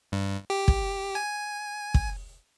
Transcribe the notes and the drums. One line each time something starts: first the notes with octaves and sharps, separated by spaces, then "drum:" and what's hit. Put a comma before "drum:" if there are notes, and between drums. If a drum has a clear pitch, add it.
G2
G4
drum: kick
G#5
drum: kick